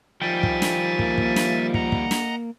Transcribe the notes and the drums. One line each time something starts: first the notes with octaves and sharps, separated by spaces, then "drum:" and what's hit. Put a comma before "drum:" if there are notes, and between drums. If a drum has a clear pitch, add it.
D#3 F3 G3 E5 G5 G#5 A6
drum: kick
drum: snare
A#3, drum: kick
drum: kick
drum: snare
D#5 F#5 A#5, drum: kick
drum: kick
drum: snare